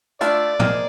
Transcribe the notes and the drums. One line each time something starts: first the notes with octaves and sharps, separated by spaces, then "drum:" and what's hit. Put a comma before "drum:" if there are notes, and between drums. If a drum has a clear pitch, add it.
A3 D4 F4 D5, drum: hi-hat
A#3 D#4 G#4 C5, drum: tom